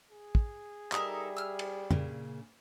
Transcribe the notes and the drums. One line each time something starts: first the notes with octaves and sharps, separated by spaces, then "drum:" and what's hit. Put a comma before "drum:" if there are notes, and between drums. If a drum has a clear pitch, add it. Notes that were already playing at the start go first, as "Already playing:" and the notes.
G#4
drum: kick
G3 D#4 A4 A#4 E5, drum: clap
E6 F6
drum: cymbal
A#2 C#3, drum: tom